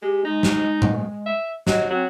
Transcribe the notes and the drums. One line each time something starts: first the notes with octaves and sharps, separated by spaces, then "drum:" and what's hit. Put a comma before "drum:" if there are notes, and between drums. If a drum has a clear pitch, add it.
G#3 G4
G#3 D#4
drum: snare
drum: tom A#2
E5
F#3 D#5, drum: snare
F#3 C4